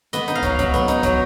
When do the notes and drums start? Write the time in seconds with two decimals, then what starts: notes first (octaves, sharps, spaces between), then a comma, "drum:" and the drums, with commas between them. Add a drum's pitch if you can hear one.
0.13 B3 D#5, drum: hi-hat
0.28 D#4, drum: hi-hat
0.35 F5
0.43 F#3, drum: kick, hi-hat
0.59 F#3, drum: kick, hi-hat
0.74 B3, drum: hi-hat
0.88 D#4, drum: hi-hat
1.03 F#3, drum: kick, hi-hat